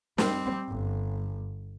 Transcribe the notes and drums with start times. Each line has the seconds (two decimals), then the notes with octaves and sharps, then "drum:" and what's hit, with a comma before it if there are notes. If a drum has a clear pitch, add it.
0.18 G3 C4, drum: snare
0.69 G1